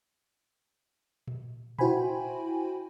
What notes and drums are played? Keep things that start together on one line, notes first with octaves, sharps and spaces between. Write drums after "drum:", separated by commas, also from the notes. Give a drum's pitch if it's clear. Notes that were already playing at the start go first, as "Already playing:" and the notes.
drum: tom A#2
E4 F#4 C5 G5 G#5 B5, drum: tom A#2